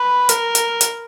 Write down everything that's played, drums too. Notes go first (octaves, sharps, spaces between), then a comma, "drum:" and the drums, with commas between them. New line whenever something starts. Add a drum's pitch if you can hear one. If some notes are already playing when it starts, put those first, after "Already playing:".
Already playing: B4
A#4, drum: hi-hat
drum: hi-hat
drum: hi-hat